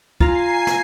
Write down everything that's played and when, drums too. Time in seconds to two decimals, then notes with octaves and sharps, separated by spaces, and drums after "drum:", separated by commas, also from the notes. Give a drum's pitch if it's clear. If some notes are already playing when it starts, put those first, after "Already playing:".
0.21 F4 F5 G#5 A#5 C7, drum: kick
0.67 drum: snare